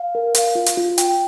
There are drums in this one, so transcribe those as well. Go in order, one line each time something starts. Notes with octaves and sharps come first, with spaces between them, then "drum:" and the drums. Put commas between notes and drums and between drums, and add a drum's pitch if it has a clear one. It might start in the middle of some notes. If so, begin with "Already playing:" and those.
Already playing: F5
A#4
F5, drum: hi-hat
F4
drum: hi-hat
F4
G5, drum: hi-hat